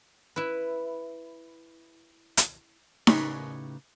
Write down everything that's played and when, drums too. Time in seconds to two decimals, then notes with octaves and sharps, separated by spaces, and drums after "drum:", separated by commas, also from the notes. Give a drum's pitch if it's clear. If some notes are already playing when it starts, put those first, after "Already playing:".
0.36 E4 B4
2.37 drum: hi-hat
3.07 A2 C#3 D#4 G4 B4 C#5, drum: snare D#4